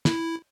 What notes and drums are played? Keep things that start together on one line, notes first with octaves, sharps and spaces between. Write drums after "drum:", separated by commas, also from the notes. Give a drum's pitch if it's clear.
E4, drum: snare